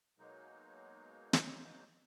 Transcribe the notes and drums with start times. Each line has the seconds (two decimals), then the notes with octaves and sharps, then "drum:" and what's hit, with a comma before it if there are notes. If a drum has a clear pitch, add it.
0.18 B2 F#3 G#3 A#3 D#4
1.33 drum: snare